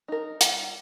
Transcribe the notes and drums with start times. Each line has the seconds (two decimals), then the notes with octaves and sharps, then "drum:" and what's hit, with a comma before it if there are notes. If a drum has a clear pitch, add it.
0.08 D#4 A#4
0.41 G3, drum: hi-hat